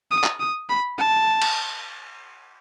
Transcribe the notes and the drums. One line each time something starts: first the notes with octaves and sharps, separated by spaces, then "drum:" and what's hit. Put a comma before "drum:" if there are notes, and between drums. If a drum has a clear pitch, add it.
D#6
drum: clap
D#6
B5
A5
drum: cymbal